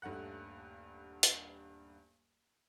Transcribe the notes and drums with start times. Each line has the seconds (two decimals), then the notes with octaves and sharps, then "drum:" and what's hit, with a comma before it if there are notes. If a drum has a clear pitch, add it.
0.02 D#1 G2 A3 F#5 F#6
1.23 drum: hi-hat